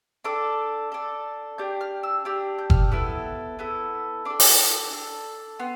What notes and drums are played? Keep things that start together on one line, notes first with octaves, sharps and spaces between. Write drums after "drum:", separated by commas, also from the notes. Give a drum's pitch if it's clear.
D4 A4 D6
D4 A4
D4 G4 G6
F6
E6
D4 G4 E6
G6
F6, drum: kick F#1
B3 E4 A4 E6
B3 E4 A4
D4 A4 D6
drum: open hi-hat
D4 A4
B3 C6